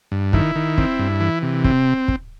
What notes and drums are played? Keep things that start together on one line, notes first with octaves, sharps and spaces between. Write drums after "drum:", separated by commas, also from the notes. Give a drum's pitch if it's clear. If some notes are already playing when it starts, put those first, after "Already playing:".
G2
D#3 E4, drum: kick
D#3
C4, drum: kick
G2
E3
C3
C4, drum: kick
drum: kick